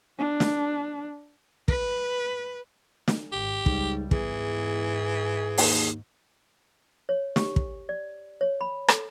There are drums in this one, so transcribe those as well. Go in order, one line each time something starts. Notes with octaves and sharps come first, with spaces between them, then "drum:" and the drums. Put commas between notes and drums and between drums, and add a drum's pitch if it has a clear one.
D4
drum: snare
B4, drum: kick
drum: snare
G#1 G4
C#2 G#2 G3, drum: kick
E2 G#2 E3 G#4, drum: kick
D#2, drum: open hi-hat
C#5
G4, drum: snare
drum: kick
D5
C#5
B5
A4, drum: rim click